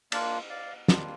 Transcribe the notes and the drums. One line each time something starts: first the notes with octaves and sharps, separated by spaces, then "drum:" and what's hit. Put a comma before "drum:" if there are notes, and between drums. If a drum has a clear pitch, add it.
A#3 D4 F4 A#4 D5, drum: cymbal
D5 F5
G3 A#3 D4 F4, drum: snare